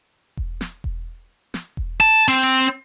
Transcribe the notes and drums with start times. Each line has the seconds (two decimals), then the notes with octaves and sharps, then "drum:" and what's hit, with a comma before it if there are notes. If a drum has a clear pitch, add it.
0.37 drum: kick E1
0.61 drum: snare
0.84 drum: kick E1
1.54 drum: snare
1.77 drum: kick E1
2.00 A5
2.28 C4